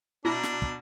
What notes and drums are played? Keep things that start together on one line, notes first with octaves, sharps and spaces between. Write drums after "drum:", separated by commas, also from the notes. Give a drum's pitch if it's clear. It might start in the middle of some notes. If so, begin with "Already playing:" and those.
B2 D4 E4 A#5 A#6
drum: snare
drum: kick